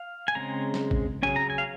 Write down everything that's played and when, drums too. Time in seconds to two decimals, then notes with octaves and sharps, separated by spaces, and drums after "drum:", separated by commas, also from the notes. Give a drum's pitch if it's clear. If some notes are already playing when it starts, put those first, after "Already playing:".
Already playing: F5
0.28 G#5
0.35 C#3 G#3 C4 A#5
0.74 drum: snare
0.91 drum: kick
1.23 C#3 F#3 C#4 G#5
1.36 A#5
1.50 G#5
1.58 F5